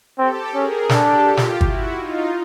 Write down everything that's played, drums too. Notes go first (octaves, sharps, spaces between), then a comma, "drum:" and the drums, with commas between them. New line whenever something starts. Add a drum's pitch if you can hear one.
C4 G4 A4
C#4 G#4 A#4
D4 G4 A4, drum: snare
F4 G4
drum: snare
E4 F#4, drum: kick
D#4 F4